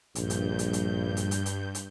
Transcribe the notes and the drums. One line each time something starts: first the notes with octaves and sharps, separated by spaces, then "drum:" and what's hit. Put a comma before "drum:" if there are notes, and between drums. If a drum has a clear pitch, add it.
A#1 G2 G6, drum: hi-hat
drum: hi-hat
drum: hi-hat
drum: hi-hat
drum: hi-hat
drum: hi-hat
drum: hi-hat
drum: hi-hat